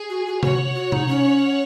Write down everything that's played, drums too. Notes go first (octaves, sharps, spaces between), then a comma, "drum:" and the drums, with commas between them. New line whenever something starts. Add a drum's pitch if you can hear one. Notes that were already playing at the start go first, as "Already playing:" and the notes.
Already playing: G#4
F#4
F#4
F#4 C#5 F#5, drum: tom C3
F#4
D#4, drum: tom C3
C#4